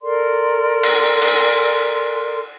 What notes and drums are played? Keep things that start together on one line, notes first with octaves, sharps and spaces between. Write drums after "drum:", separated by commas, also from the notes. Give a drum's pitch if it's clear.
A4 A#4 D5 C6
drum: cymbal
drum: cymbal